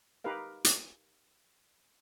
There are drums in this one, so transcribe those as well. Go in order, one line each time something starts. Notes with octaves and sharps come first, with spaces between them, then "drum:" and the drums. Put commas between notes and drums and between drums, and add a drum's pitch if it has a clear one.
D#4 G4 A#4 B4 F5
drum: hi-hat